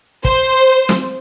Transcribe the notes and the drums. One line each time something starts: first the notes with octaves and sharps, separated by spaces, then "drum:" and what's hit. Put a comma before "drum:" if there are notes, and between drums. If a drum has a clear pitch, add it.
C5, drum: kick
drum: snare